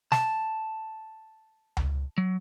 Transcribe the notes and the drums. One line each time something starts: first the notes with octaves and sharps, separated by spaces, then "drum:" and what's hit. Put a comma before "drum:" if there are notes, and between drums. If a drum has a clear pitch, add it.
A5, drum: snare
drum: tom C#2
F#3